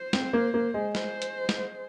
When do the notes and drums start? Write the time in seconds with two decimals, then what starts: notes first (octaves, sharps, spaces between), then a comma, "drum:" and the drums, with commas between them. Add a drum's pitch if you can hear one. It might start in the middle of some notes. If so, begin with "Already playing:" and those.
Already playing: C5
0.13 C4, drum: snare
0.33 A#3
0.54 A#3
0.74 G#3
0.95 C5, drum: snare
1.22 drum: hi-hat
1.49 drum: snare